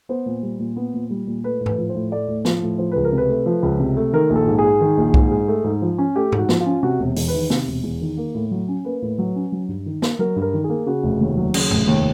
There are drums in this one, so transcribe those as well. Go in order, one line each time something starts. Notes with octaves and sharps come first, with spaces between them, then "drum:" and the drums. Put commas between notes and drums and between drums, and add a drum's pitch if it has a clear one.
B3 C5
A#2
G3
A#2
B3
A#2
G3
A#2
A3 B4
A2
B4, drum: tom G#2
F3
C5
A2
A3 D5
A2
F3, drum: snare
A2
F3 C5
C#2 B4
A#4
C3 B4
A3
F3
C#2
C3
A3
D#3 A#4
A#1
A4
G#2
G#4
G#3
D#3
A#1
G#2, drum: kick B1
G#3
A3
G#2
F3
C#4
A3 G4
G#2, drum: tom G#2
F#4
F3, drum: snare
F4
C#4
C3 F#4
E1
E2, drum: open hi-hat
B4
D#3
C3, drum: snare
E1
E2
D#3
A#3
A2
F#3
C#4
A#3 B4
A2
F#3
C#4
F#3
G2
D#3
A#3, drum: snare
F#3 A#4
G2
A#4
D#3
G#4
A#3
C#3 F#4
F1
D#2
F#3
C#3, drum: cymbal
F1, drum: tom G#2
D#2